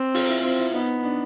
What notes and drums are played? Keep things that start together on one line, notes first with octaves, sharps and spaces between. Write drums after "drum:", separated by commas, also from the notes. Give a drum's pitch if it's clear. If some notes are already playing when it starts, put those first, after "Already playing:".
Already playing: C4
F4, drum: open hi-hat
E4
C4 F4
E4
B3 D#4
D4